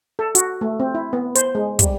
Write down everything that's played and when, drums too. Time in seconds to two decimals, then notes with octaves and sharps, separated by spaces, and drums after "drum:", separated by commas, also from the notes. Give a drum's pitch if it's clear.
0.19 A4
0.35 F#4, drum: hi-hat
0.61 A3
0.80 C4
0.95 E4
1.13 B3
1.35 C5, drum: hi-hat
1.55 G#3
1.79 G3, drum: kick, hi-hat